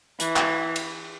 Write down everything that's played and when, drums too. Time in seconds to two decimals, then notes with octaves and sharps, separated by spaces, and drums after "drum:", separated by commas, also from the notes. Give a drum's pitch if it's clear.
0.20 E3, drum: hi-hat
0.36 drum: clap
0.76 drum: cymbal